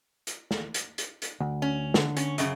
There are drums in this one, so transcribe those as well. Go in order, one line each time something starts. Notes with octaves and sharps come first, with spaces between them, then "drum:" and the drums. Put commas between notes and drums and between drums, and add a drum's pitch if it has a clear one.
drum: hi-hat
drum: snare
drum: hi-hat
drum: hi-hat
drum: hi-hat
D2
C#4
D3, drum: snare
C#4, drum: hi-hat
F#2 C#3, drum: hi-hat